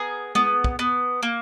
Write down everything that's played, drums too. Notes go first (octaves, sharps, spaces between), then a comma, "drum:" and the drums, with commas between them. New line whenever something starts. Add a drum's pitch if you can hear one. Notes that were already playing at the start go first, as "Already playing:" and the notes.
Already playing: B3 G#4 A#4
B3, drum: tom G#3
drum: kick
B3
A#3